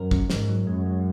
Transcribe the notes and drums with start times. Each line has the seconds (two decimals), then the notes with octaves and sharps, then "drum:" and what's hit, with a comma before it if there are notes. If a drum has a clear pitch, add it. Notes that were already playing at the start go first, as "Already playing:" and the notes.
Already playing: F#2 A#4
0.11 C#4, drum: kick
0.30 G#2 A#3, drum: snare
0.49 F#3
0.67 F#2 G#3
0.86 G#3